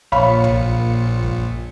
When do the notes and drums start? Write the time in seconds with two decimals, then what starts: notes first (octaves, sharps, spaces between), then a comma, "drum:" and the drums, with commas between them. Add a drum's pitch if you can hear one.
0.12 A#1 A#2 F4 C#5 F5 B5 C#7
0.44 drum: tom
1.23 drum: kick F#2